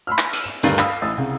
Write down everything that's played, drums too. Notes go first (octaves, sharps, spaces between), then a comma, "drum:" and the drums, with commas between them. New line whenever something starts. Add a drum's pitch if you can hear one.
B5 C6 E6 F6
drum: clap
drum: hi-hat
E7
D#1 D2 G2 A#4 A6 C7, drum: hi-hat
F5 B5 D#6 E6, drum: clap
A1 E4 D#6 A6
C2 C#3